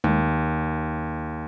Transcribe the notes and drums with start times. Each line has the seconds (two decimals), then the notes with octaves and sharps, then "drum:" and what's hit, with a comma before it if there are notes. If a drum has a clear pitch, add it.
0.04 D#2, drum: tom G#3